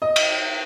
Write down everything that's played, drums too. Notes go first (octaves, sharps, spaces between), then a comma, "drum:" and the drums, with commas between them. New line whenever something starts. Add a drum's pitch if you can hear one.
D#5
drum: cymbal